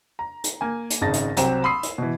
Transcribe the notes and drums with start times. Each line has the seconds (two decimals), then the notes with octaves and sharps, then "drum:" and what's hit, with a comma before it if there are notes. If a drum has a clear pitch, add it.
0.19 A#5
0.44 drum: hi-hat
0.61 A#3 G#5
0.90 drum: hi-hat
1.01 G#1 C#3 D#4 A5 A6 A#6
1.13 drum: hi-hat
1.37 C2 F#3 C4 G4 A#5 E7, drum: hi-hat
1.64 B5 C6 D#6 E6 C7
1.83 drum: hi-hat
1.98 B2 E3